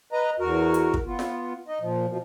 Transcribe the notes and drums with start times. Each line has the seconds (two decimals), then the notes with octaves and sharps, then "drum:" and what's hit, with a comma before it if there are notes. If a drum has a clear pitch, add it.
0.13 B4 D#5 A#5
0.40 E2 F#4 A#4
0.74 drum: hi-hat
0.94 drum: kick
1.06 B3 F4
1.19 drum: snare F4
1.68 D#4 D#5
1.81 A#2 F3
2.09 B2 F3